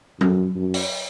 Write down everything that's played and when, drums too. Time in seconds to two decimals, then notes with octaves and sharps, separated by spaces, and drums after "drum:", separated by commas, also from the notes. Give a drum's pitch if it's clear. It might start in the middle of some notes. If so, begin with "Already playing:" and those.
0.21 F#2, drum: tom F#3
0.56 F#2
0.74 drum: open hi-hat